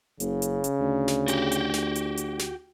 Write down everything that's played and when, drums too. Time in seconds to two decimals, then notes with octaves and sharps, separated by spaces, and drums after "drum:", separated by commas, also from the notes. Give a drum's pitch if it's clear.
0.20 F#1 C#3, drum: hi-hat
0.42 drum: hi-hat
0.64 drum: hi-hat
0.80 D2
1.08 drum: snare
1.28 F#4 G4, drum: hi-hat
1.52 drum: hi-hat
1.74 drum: snare
1.95 drum: hi-hat
2.17 drum: hi-hat
2.39 drum: snare